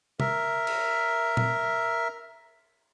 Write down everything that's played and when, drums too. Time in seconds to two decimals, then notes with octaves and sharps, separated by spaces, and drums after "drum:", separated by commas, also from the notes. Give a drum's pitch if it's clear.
0.20 A#4 E5, drum: tom C3
0.67 drum: cymbal
1.37 drum: tom A#2